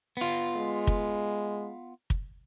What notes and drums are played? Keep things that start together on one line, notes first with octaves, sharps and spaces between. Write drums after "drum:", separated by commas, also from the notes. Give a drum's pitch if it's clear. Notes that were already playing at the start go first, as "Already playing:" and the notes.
B3 F4
G#3
drum: kick
drum: kick